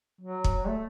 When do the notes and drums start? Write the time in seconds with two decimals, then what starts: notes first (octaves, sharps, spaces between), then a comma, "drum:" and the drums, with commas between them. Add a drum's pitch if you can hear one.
0.21 F#3
0.44 drum: kick
0.68 A3